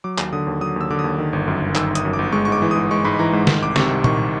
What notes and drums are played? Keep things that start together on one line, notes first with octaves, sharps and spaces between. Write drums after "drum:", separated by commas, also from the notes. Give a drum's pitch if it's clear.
F#3 D6
D#2, drum: clap
D3 D#6
D#2
F#3 D#6
D#2 E6
D3 D6
D#2 D#6
D#3
G1
F#2
G1
D#3 E6, drum: clap
G1
D#6, drum: hi-hat
F#2
D6
G1
G#3 C#6
C#6
G#2 D6
E3
G#2 D#6
G#3 C#6
G#2 B5
E3 A#5
G#2
D#3, drum: snare
C2 D6
C3 C#6, drum: snare
C2
D#3 C#6, drum: tom A#2